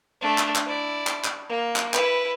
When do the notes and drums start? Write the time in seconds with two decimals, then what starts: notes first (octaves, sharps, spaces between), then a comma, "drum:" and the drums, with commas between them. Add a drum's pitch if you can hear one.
0.21 A3 D4
0.38 drum: clap
0.55 drum: clap
0.66 E4 D5
1.07 drum: clap
1.24 drum: clap
1.49 A#3
1.76 drum: clap
1.94 E4 B4, drum: clap